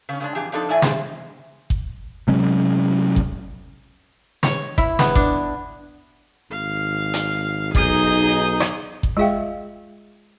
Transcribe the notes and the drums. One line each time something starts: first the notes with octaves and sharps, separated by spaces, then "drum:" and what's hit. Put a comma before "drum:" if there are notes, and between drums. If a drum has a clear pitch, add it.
C#3 C#4
C#3 G#3 D4
F2 E3 G4 G#4
F3 C4 D4 D#4 A4
A2 E3 A3 D5 E5 G#5
A#2 D4 G4 G#4 C5, drum: snare
drum: kick G1
C3 F#3 G#3 C#4
drum: kick G1
C#5, drum: snare
E4, drum: kick G1
B3, drum: snare
D4, drum: kick G1
G#1 F5
drum: hi-hat
B1 D#4 G#4 D#6 G6, drum: kick G1
drum: rim click
drum: kick G1
G#3 F4 G#4 E5 F5 G5